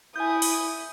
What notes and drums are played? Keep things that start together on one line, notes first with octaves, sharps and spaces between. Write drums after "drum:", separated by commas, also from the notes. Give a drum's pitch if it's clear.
E4 G#5 D#6 G6
drum: open hi-hat